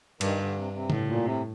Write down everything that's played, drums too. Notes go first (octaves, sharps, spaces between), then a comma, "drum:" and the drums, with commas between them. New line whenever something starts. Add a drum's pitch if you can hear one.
G2 D#3, drum: cymbal
D3
C3
C3
A2, drum: tom C#3
A#2
C3